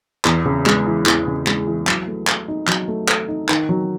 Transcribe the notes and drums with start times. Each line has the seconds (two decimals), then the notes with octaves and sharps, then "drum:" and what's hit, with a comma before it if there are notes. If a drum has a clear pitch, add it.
0.25 E2, drum: clap
0.46 C#3
0.66 G#3, drum: clap
0.86 E3
1.06 E2, drum: clap
1.27 C#3
1.47 G#3, drum: clap
1.67 E3
1.87 F#3, drum: clap
2.07 A3
2.27 A4, drum: clap
2.48 D#4
2.68 F#3, drum: clap
2.88 A3
3.08 A4, drum: clap
3.28 D#4
3.49 D#3, drum: clap
3.69 F#3